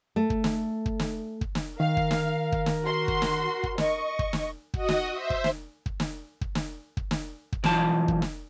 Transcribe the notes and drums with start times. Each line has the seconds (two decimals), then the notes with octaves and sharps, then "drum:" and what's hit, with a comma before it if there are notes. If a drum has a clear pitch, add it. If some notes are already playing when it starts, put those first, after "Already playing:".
0.16 A3
0.30 drum: kick
0.44 drum: snare
0.86 drum: kick
1.00 drum: snare
1.41 drum: kick
1.55 drum: snare
1.80 D#3 A#4 F5
1.97 drum: kick
2.11 drum: snare
2.52 drum: kick
2.66 drum: snare
2.83 F#4 C6
3.08 drum: kick
3.22 drum: snare
3.63 drum: kick
3.78 D#5 C#6, drum: snare
4.19 drum: kick
4.33 drum: snare
4.74 F#4 D#5 D#6, drum: kick
4.89 drum: snare
5.12 C5 E5
5.30 drum: kick
5.44 drum: snare
5.86 drum: kick
6.00 drum: snare
6.41 drum: kick
6.55 drum: snare
6.97 drum: kick
7.11 drum: snare
7.53 drum: kick
7.64 B1 E3 F3 A5, drum: snare
8.08 drum: kick
8.22 drum: snare